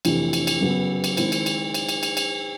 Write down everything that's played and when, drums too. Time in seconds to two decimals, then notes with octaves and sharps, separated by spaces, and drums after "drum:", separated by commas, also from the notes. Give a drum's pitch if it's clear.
0.05 F2 C3 E3 A3 D4, drum: cymbal
0.33 drum: cymbal
0.47 drum: cymbal
0.61 F#2 C#3 F#3 B3
1.04 drum: cymbal
1.17 D#3 G#3 C4 E4, drum: cymbal
1.32 drum: cymbal
1.46 drum: cymbal
1.74 drum: cymbal
1.89 drum: cymbal
2.03 drum: cymbal
2.17 drum: cymbal